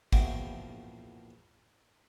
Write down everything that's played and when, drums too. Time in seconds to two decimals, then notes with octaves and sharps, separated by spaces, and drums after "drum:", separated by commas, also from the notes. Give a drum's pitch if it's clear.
0.13 A#1 E2 F3 E4 F#4 G5, drum: kick G#1